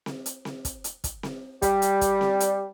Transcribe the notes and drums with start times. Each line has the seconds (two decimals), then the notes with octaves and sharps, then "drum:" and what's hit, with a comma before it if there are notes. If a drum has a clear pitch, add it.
0.06 drum: snare C4
0.26 drum: hi-hat
0.45 drum: snare C4
0.65 drum: kick, hi-hat
0.84 drum: hi-hat
1.04 drum: kick, hi-hat
1.23 drum: snare C4
1.62 G3, drum: kick, hi-hat
1.82 drum: hi-hat
2.01 drum: kick, hi-hat
2.21 drum: snare C4
2.40 drum: hi-hat